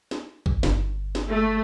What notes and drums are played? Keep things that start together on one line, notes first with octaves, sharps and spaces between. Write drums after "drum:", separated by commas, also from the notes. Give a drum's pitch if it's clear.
drum: snare
drum: kick G#1
G1, drum: snare
drum: snare
A3